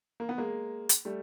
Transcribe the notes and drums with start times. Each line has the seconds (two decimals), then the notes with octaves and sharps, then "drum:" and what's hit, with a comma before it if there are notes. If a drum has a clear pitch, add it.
0.20 A#3
0.29 B3
0.38 G#3 A#3
0.89 drum: hi-hat
1.05 G3 A3